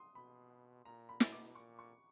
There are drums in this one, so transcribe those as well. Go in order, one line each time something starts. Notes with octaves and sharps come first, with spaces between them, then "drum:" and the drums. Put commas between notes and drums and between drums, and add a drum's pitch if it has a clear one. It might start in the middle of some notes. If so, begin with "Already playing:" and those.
Already playing: C6 D#6
B2 B5
A#2 A#5
B5
B2, drum: snare
D6
A#2 C#6
C#6